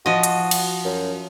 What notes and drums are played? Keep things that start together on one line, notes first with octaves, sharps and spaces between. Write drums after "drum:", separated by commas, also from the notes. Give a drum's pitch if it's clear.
F3 F#4 D#5
drum: hi-hat
drum: cymbal
F#2